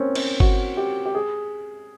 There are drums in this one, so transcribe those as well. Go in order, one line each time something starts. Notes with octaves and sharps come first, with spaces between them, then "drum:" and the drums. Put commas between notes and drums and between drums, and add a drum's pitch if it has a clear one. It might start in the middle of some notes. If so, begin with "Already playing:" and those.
Already playing: A#3 C4 C#4
C#4, drum: cymbal
F#4, drum: kick G1
G4
G4
G#4